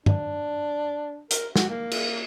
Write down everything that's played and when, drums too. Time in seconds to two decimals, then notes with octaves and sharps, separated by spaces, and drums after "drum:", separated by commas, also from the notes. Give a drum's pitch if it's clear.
0.06 D4, drum: tom
1.31 A#4, drum: hi-hat
1.56 F#4, drum: snare
1.69 A#3
1.91 drum: cymbal